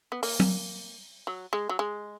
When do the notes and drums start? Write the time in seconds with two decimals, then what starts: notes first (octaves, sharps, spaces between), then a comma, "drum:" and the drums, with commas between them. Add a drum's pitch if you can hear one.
0.12 B3
0.23 A#3, drum: open hi-hat
0.40 drum: tom F#3
1.27 F#3
1.53 G#3
1.69 F#3
1.79 G#3